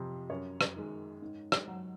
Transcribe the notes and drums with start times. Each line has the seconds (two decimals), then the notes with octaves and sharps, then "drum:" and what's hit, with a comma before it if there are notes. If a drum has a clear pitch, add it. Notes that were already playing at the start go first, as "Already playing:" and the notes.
Already playing: F2 C3 F3
0.29 F#2 C#5
0.61 drum: rim click
0.76 D#3 G#3
1.22 G#2
1.52 drum: rim click
1.68 F#3